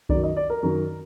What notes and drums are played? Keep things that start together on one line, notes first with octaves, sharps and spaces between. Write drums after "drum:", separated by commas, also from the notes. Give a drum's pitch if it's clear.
F#2 D#3 D5, drum: kick C2
D#5
D5
A#4
F#2 D#3